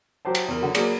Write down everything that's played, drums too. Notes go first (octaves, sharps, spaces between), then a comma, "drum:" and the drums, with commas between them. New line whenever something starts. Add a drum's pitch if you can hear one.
F#3 G4 C5 A5
drum: cymbal
E2 A#4
D3 F#3
F#3 A#3 G#4 D5, drum: cymbal